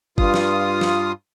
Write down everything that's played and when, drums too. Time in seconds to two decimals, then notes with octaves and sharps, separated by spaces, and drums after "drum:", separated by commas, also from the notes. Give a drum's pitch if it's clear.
0.18 G2 F4 D#6, drum: kick G1
0.34 drum: snare
0.81 drum: snare